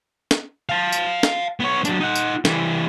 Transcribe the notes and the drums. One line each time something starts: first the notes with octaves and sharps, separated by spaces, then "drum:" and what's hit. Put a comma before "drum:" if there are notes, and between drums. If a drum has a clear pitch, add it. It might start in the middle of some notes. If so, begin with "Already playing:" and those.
drum: snare
F5 A5
drum: tambourine
drum: snare
B3 C#5
F#3 D4, drum: tambourine
D#4 F#5
drum: tambourine
E3 G3, drum: snare